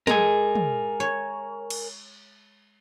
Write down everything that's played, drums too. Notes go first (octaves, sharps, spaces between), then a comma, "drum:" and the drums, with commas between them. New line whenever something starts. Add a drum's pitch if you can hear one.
G#3 A4 A#4 G#5, drum: tom
drum: tom
C#5
drum: cymbal